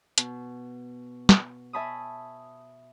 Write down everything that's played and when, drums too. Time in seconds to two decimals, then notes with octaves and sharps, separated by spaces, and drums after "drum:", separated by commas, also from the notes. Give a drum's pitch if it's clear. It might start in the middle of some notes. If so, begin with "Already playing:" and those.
0.18 B2, drum: hi-hat
1.29 drum: snare
1.73 E5 G#5 A5 B5 C#6 D#6